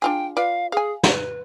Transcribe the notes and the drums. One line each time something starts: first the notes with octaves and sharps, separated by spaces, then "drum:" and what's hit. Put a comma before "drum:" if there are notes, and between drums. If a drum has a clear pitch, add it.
D4 F4 G#4 G5
F4 B4 D5 F5
G#4 F5 G#5
B4, drum: snare